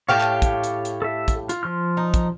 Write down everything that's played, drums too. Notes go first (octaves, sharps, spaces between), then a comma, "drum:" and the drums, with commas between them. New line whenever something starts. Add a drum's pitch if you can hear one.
A2 G4 C#5 F5 A5
drum: clap
drum: kick, hi-hat
drum: hi-hat
drum: hi-hat
A4 E5
drum: kick, hi-hat
F4, drum: hi-hat
F3 C6 F6
D#4
drum: kick, hi-hat